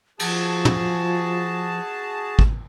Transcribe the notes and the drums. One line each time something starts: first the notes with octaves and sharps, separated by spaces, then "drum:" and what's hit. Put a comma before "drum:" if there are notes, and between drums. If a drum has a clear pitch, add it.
F3 F#4 G#4 A5, drum: cymbal
drum: tom
drum: kick